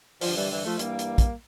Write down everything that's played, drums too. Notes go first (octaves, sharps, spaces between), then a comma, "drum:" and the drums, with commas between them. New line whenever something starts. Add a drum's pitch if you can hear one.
G2 D3 F3, drum: open hi-hat
E3 G3
E3 G3
F3 A3
G2 E3 G3 A#3, drum: hi-hat
drum: hi-hat
drum: kick, hi-hat